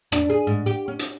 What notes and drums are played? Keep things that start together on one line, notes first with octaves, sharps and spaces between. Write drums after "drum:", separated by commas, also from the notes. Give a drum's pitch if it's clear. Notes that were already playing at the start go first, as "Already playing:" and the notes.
D4, drum: rim click
G#4
G#2
G4
C#4
drum: hi-hat